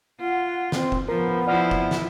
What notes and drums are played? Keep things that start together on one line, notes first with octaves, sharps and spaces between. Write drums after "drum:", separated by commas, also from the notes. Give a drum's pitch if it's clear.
F4 F#5
C4, drum: snare
drum: kick F1
F3 B3 A#4
F3 E4 D5 F#5 F6
drum: kick F1
drum: snare